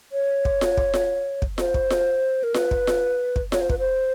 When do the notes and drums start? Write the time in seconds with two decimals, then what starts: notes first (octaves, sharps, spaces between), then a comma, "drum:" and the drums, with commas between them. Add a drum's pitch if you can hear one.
0.12 C#5
0.45 drum: kick
0.61 drum: snare F4
0.77 drum: kick
0.94 drum: snare F4
1.42 drum: kick
1.58 C5, drum: snare F4
1.74 drum: kick
1.90 drum: snare F4
2.44 A#4
2.54 B4, drum: snare F4
2.71 drum: kick
2.87 drum: snare F4
3.36 drum: kick
3.52 C#5, drum: snare F4
3.61 C5
3.70 B4, drum: kick
3.79 C5